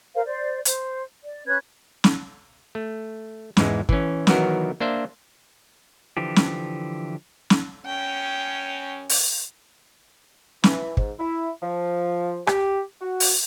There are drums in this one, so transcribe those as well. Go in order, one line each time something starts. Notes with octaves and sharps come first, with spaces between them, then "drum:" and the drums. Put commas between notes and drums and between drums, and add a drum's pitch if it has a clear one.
A#4 C5 F5
C5 D5
C5, drum: hi-hat
D5
C#4 B4 F#6 G#6
drum: snare
A3
E2 G#2 E3 G#3, drum: snare
E3 C#4, drum: kick
D#3 E3 F#3 B3 F#4 A#4, drum: snare
A#3 D4 C5 E5
D3 E3 F3 G4
drum: snare
drum: snare
F#2 C#4 G5
drum: open hi-hat
E3, drum: snare
G#2, drum: kick
E4
F3
G4, drum: rim click
F#4
drum: open hi-hat